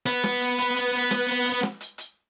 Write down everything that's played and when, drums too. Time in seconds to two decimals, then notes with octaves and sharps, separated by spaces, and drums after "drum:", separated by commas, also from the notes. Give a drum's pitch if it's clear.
0.06 B3 B4
0.24 drum: snare
0.41 drum: hi-hat
0.58 drum: hi-hat
0.76 drum: hi-hat
1.11 drum: snare
1.46 drum: hi-hat
1.63 drum: snare
1.81 drum: hi-hat
1.98 drum: hi-hat